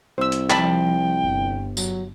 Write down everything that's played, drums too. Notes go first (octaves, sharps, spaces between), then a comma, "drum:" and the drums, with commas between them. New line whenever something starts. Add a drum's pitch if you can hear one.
C2 C5 E6
drum: hi-hat
F3 G5 A5 B5, drum: clap
G1
F#3, drum: tambourine